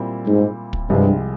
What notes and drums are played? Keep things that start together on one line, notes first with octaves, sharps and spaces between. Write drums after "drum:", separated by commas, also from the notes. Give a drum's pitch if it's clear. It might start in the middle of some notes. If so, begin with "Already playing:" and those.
Already playing: A#2 G3 C4 E4
G#2
drum: kick
C2 G2 C3 F3 G#3